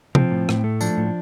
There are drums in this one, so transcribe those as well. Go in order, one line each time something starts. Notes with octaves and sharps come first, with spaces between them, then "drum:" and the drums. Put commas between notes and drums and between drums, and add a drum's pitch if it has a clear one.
F3 C4, drum: tom
A2
A2, drum: rim click
A3
F3 D4, drum: tambourine
A2